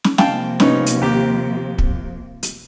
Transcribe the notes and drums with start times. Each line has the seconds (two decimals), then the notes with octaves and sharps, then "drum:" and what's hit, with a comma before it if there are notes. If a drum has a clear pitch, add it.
0.04 drum: snare
0.18 C3 F3 A#3 F5 G5 A5, drum: snare
0.60 B3 C#4 D#4, drum: snare
0.86 drum: hi-hat
1.02 D#2 G4
1.78 drum: kick
2.43 drum: hi-hat